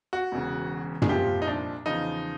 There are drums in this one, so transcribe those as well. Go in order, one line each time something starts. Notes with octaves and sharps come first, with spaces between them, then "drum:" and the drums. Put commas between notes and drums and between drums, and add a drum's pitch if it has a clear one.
F#4
E1 E2 C#3
G#4, drum: tom
C2 A#2 F3 G4
D#4
D4
E2 C#3 F3 D#4